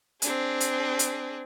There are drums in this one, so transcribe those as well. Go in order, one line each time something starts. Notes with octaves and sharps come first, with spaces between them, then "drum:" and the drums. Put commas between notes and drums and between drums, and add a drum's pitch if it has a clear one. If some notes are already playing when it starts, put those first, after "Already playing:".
C4 D4 G#4, drum: hi-hat
drum: hi-hat
drum: hi-hat